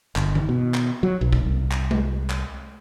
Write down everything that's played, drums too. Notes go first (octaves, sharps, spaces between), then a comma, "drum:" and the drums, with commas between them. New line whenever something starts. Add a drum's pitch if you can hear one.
G1, drum: clap
drum: tom D#3
B2
drum: clap
F#3
B1
drum: kick
C2
drum: clap
drum: tom G#3
drum: clap